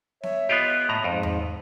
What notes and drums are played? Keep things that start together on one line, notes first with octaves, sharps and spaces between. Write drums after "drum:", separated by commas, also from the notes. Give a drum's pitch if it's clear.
C#5 E5, drum: snare B3
B3 F4 G4 D#5
A2 A#5
F2 G#2
drum: tom E2